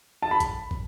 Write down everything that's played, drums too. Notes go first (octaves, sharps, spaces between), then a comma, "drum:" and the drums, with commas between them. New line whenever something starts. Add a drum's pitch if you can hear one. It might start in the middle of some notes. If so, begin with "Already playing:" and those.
A5
B5
drum: kick, hi-hat
drum: kick